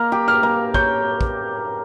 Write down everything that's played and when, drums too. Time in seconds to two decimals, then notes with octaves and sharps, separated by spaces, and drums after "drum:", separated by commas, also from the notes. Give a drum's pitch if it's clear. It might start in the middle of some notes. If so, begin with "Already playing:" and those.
Already playing: A#3 F6
0.12 G4
0.28 F6
0.43 A#3
0.74 C#5 G6, drum: kick
1.21 drum: kick